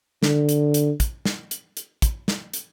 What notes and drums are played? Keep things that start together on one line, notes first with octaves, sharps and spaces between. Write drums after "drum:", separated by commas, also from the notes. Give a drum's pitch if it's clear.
D3, drum: snare
drum: hi-hat
drum: hi-hat
drum: kick, hi-hat
drum: snare
drum: hi-hat
drum: hi-hat
drum: kick, hi-hat
drum: snare
drum: hi-hat